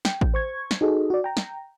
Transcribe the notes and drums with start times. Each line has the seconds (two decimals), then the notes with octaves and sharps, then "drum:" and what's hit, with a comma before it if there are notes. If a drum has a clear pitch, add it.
0.05 G5, drum: snare
0.21 drum: kick A1
0.34 C5 C#6 G#6
0.71 drum: snare
0.81 D#4 F#4 G#4 A4 D#5
1.10 F#4 D5
1.24 G5 A#5
1.37 drum: snare